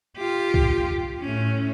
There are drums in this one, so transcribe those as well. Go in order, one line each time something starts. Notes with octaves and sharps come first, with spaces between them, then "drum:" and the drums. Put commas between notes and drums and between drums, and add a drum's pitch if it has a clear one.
F4 G4
drum: kick C2
A2 C#4